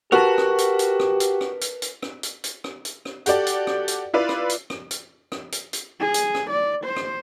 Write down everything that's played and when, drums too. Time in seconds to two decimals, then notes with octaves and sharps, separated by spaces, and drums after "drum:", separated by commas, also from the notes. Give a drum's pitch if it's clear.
0.12 F#4 G4 A#4 B4 A5
0.38 drum: rim click
0.58 drum: hi-hat
0.79 drum: hi-hat
1.00 drum: rim click
1.20 drum: hi-hat
1.41 drum: rim click
1.61 drum: hi-hat
1.82 drum: hi-hat
2.02 drum: rim click
2.23 drum: hi-hat
2.44 drum: hi-hat
2.64 drum: rim click
2.85 drum: hi-hat
3.05 drum: rim click
3.26 F#4 G4 A4 D5, drum: hi-hat
3.47 drum: hi-hat
3.67 drum: rim click
3.88 drum: hi-hat
4.14 E4 F4 B4 D5
4.29 drum: rim click
4.49 drum: hi-hat
4.70 drum: rim click
4.91 drum: hi-hat
5.32 drum: rim click
5.52 drum: hi-hat
5.73 drum: hi-hat
6.00 G#4
6.14 drum: hi-hat
6.35 drum: rim click
6.50 D5
6.85 C5
6.96 drum: rim click